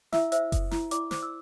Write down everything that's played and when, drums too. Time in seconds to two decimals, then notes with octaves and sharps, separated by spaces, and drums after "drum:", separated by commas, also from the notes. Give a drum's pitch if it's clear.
0.13 E4 E5 E6, drum: snare
0.32 C5 E5 E6, drum: hi-hat
0.52 A4, drum: kick F#1, hi-hat
0.71 E4, drum: snare
0.91 E4 D5 D6, drum: hi-hat
1.11 C5 D6, drum: snare
1.23 E6